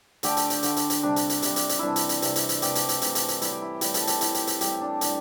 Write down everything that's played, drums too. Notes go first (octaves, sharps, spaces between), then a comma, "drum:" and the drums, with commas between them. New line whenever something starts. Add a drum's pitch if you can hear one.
D3 A3 G4, drum: hi-hat
drum: hi-hat
drum: hi-hat
D3 A3, drum: hi-hat
drum: hi-hat
drum: hi-hat
C3 G3 D4
drum: hi-hat
drum: hi-hat
C3 G3, drum: hi-hat
drum: hi-hat
drum: hi-hat
C3 E3 G3 D4 E4
drum: hi-hat
drum: hi-hat
C3 E3 G3, drum: hi-hat
drum: hi-hat
drum: hi-hat
C3 E3 A3 G4, drum: hi-hat
drum: hi-hat
drum: hi-hat
C3 E3 A3, drum: hi-hat
drum: hi-hat
drum: hi-hat
A2 G3 E4, drum: hi-hat
G4
E4
A2 G3 G4, drum: hi-hat
A4, drum: hi-hat
G4, drum: hi-hat
A2 G3 E4, drum: hi-hat
G4, drum: hi-hat
G4, drum: hi-hat
A2 G3 G4, drum: hi-hat
D4
A2 E3 G3, drum: hi-hat